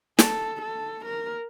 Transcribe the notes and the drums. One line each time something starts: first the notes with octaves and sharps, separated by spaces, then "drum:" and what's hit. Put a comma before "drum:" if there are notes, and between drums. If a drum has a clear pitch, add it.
A4, drum: snare
A4
A#4